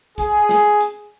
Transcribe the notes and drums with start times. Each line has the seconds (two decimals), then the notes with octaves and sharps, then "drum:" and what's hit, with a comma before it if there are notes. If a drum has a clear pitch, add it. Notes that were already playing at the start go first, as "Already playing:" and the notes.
0.18 G#4, drum: kick, hi-hat
0.49 drum: snare
0.80 drum: hi-hat